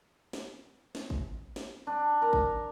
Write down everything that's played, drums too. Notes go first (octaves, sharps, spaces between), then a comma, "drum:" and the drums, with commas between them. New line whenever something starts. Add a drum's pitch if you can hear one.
drum: snare
drum: snare
drum: kick
drum: snare
D4
A#4
drum: kick